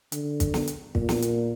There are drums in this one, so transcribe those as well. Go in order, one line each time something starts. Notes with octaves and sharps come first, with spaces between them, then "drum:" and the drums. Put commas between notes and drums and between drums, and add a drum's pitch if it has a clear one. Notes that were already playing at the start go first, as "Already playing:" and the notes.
D3, drum: hi-hat
drum: kick, hi-hat
drum: snare
drum: hi-hat
A#2, drum: kick
drum: snare
drum: hi-hat